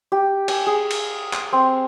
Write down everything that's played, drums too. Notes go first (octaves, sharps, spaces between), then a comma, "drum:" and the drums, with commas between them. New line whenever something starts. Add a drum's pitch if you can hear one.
G4
G#5, drum: cymbal
G#4
drum: cymbal
drum: clap
C4